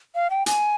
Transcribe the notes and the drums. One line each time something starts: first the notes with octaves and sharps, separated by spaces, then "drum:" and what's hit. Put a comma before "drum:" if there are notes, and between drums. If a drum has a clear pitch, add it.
F5
G5
G#5, drum: hi-hat